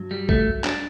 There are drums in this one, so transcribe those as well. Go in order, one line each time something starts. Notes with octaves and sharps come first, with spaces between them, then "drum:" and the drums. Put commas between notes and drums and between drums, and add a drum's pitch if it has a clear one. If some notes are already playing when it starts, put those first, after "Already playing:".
Already playing: G2 F#3
G3
A3, drum: kick B1
D4, drum: clap